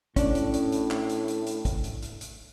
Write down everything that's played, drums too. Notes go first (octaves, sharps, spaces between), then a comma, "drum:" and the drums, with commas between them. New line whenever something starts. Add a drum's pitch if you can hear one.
A2 C#4 D4, drum: kick, hi-hat
drum: hi-hat
drum: hi-hat
drum: hi-hat
drum: clap
drum: hi-hat
drum: hi-hat
drum: hi-hat
drum: kick, hi-hat
drum: hi-hat
drum: hi-hat
drum: hi-hat